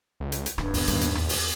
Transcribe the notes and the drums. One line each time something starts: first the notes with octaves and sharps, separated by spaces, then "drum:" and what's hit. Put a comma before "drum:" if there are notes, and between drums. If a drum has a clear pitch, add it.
C#2
drum: hi-hat
drum: hi-hat
D#1 G2 D3, drum: rim click
D1 G1 D#2 B3, drum: open hi-hat
D#2 A2 G3 A#3 B3, drum: hi-hat
drum: hi-hat
E2, drum: rim click
drum: open hi-hat